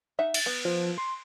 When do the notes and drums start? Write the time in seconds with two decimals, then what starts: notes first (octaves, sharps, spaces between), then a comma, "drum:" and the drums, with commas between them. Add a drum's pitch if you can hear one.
0.19 D#4 E5 F#5
0.34 A6, drum: cymbal
0.46 B3
0.65 F3
0.98 C6